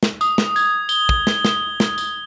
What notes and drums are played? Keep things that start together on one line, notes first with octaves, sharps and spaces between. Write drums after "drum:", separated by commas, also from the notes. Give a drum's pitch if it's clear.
drum: snare
D#6, drum: tambourine
drum: snare
G#6, drum: tambourine
G7, drum: tambourine
drum: kick
drum: snare
drum: snare
drum: snare
drum: tambourine